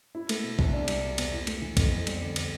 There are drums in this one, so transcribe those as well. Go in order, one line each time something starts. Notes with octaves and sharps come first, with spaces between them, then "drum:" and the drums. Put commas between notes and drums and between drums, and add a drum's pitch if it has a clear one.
E4
A3, drum: cymbal
B2
C2, drum: kick
D4
G3, drum: cymbal
B2
E2, drum: cymbal
E4
A3, drum: cymbal
E3
F2, drum: kick, cymbal
E2
G3, drum: cymbal
D3
drum: cymbal